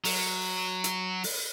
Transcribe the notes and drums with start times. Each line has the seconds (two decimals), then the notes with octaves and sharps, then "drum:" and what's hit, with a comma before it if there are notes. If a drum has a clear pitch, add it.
0.05 F#3, drum: open hi-hat
0.84 drum: hi-hat
1.24 drum: open hi-hat